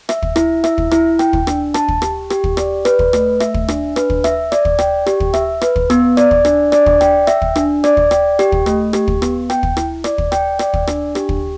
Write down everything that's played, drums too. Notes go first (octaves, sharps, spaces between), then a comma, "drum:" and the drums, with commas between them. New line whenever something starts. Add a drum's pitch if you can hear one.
E5, drum: rim click
drum: kick
E4, drum: rim click
E5, drum: rim click
drum: kick
E4, drum: rim click
G5, drum: rim click
drum: kick
D4, drum: rim click
A5, drum: rim click
drum: kick
G4, drum: rim click
G4, drum: rim click
drum: kick
D5, drum: rim click
B4, drum: rim click
drum: kick
A3, drum: rim click
E5, drum: rim click
drum: kick
D4, drum: rim click
B4, drum: rim click
drum: kick
E5, drum: rim click
D5, drum: rim click
drum: kick
G5, drum: rim click
G4, drum: rim click
drum: kick
E5, drum: rim click
B4, drum: rim click
drum: kick
B3, drum: rim click
D5, drum: rim click
drum: kick
D4, drum: rim click
D5, drum: rim click
drum: kick
G5, drum: rim click
E5, drum: rim click
drum: kick
D4, drum: rim click
D5, drum: rim click
drum: kick
G5, drum: rim click
G4, drum: rim click
drum: kick
A3, drum: rim click
G4, drum: rim click
drum: kick
B3, drum: rim click
G5, drum: rim click
drum: kick
E4, drum: rim click
D5, drum: rim click
drum: kick
G5, drum: rim click
D5, drum: rim click
drum: kick
D4, drum: rim click
G4, drum: rim click
drum: kick